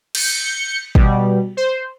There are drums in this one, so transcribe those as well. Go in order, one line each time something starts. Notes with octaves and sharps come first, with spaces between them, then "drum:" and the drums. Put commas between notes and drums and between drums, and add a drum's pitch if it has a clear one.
G6 C#7, drum: cymbal
B2 G3, drum: kick
C5